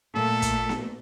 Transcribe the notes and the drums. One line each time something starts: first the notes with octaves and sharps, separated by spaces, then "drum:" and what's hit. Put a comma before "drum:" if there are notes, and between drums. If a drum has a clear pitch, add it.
A#2 A3 A4
drum: kick, hi-hat
drum: snare B3